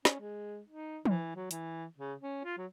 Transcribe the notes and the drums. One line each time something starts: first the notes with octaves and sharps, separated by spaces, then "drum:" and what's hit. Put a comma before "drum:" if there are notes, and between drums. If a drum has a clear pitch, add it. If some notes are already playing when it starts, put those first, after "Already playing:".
C#4, drum: snare
G#3
D#4
E3, drum: tom
F#3
E3, drum: hi-hat
C#3
C#4
F4
F#3